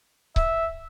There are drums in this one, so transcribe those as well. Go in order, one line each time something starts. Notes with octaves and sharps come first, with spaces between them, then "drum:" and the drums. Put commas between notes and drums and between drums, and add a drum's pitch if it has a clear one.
E5, drum: kick C#1